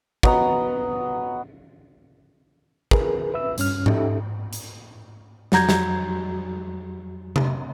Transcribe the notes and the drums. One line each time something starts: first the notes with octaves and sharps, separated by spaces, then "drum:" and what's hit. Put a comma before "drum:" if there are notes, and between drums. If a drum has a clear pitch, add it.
F#3 B3 D#5 A#5, drum: kick
G#4 A#4 B4, drum: kick
B4 E5 E6
G2 C#4 F6, drum: hi-hat
C#4 D#4 G4 A4 E5, drum: tom G#2
drum: hi-hat
F2 F#3 F#4 A#5 G6 G#6, drum: snare
drum: snare
drum: tom C3